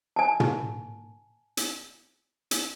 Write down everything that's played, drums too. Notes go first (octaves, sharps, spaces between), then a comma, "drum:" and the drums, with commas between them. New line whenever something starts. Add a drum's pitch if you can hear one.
G#5 A5
drum: tom
drum: hi-hat
drum: hi-hat